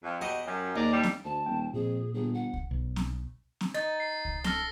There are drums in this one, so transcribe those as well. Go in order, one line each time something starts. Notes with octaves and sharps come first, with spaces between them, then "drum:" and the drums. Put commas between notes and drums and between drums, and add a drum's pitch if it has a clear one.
F2
E2 F#4 G4 D#5
F#2
D#2 G#4 A#4 D5
A2 G3
drum: snare C4
D2 A5
D#1 G5
F2 A#2 G#4
G1 G#4
F#5
drum: kick C2
B1
drum: snare C4
drum: snare C4
D#4 A6
C7
drum: kick C2
A4 F6 A#6 G7, drum: snare C4